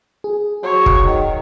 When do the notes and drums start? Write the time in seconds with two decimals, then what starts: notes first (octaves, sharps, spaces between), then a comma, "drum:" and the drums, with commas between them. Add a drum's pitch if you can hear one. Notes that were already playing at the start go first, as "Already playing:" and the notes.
0.24 G#4
0.63 F#3 C#5
0.86 drum: kick
1.05 D#3